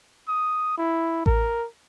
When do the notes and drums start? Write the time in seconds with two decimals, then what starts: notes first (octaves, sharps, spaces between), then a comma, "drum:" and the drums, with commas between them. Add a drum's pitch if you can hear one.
0.28 D#6
0.78 E4
1.26 A#4, drum: kick A1